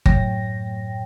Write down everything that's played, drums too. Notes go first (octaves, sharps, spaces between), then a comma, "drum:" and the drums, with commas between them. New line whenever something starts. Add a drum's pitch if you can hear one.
F#2 A2 F#3 C#5 G5 A#6, drum: kick G1